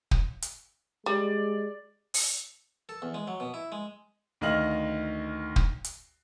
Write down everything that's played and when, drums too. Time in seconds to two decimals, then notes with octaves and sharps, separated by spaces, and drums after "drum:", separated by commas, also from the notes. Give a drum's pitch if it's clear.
0.11 drum: kick
0.42 drum: hi-hat
1.06 G3 G#3 D5
2.14 drum: open hi-hat
2.89 A4
3.02 E2
3.14 G#3
3.27 F#3
3.40 B2
3.54 E4
3.72 G#3
4.41 D2 D#3 D#5 F5 F6 F#7
5.56 drum: kick
5.84 drum: hi-hat